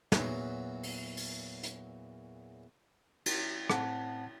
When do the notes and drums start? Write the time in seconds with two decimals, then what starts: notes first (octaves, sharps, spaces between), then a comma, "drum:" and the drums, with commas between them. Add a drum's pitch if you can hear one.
0.12 E2 A#2 F#3, drum: snare
0.83 drum: open hi-hat
1.17 drum: open hi-hat
1.64 drum: hi-hat
3.26 drum: cymbal
3.70 A2 C4 F#5 A5, drum: rim click